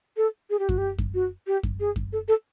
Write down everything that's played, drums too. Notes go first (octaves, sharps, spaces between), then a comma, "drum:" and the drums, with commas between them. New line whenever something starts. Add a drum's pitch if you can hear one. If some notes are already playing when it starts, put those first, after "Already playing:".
A4
G#4
G4
F#4, drum: kick F#2
G4
drum: kick F#2
F#4
G4
drum: kick F#2
G#4
drum: kick F#2
A4
A4